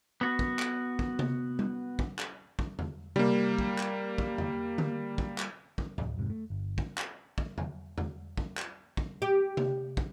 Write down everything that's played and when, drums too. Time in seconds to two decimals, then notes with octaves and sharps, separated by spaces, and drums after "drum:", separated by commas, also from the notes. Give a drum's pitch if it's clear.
0.21 B3 F#4
0.39 drum: kick
0.59 drum: clap
0.99 drum: kick
1.19 drum: tom C3
1.59 drum: tom G3
1.99 drum: kick
2.19 drum: clap
2.59 drum: kick
2.79 drum: tom E2
3.16 G3 A#3, drum: tom C3
3.59 drum: kick
3.78 drum: clap
4.18 drum: kick
4.38 drum: tom E2
4.78 drum: tom D3
5.18 drum: kick
5.38 drum: clap
5.78 drum: kick
5.98 D1, drum: tom E2
6.18 F1 G#2 C3
6.30 A3
6.50 G1
6.78 drum: kick
6.98 drum: clap
7.38 drum: kick
7.58 drum: tom E2
7.98 drum: tom E2
8.37 drum: kick
8.57 drum: clap
8.97 drum: kick
9.22 G4
9.57 drum: tom C3
9.97 drum: kick